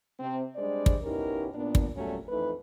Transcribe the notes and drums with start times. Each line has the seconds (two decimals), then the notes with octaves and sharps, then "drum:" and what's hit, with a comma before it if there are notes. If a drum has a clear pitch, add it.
0.20 C3 C4
0.56 G3 G#3 D4 C5 D5
0.86 drum: kick
1.03 B2 C#4 D#4 E4 G4 A#4
1.55 A#2 B3 D4
1.75 drum: kick
1.95 A#2 F#3 G3 A3 C#4
2.29 F2 E3 A3 D#4 B4